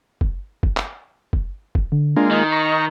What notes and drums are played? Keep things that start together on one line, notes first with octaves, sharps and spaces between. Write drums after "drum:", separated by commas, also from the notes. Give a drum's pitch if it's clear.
drum: kick
drum: kick
drum: clap
drum: kick
drum: kick
D3
G#3 A#3 D4 F4
D#3 D#5
A#5 C#6